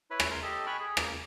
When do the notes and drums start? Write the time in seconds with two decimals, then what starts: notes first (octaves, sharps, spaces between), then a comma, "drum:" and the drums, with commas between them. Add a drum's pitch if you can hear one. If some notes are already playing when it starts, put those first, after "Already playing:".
0.11 E4 B4 C#5 B5
0.20 drum: rim click
0.31 A#4 C6
0.42 G4 A4 D#5 A5
0.67 G5 G#5 B5 C#6 F6 F#6
0.80 G#4
0.97 A#3, drum: rim click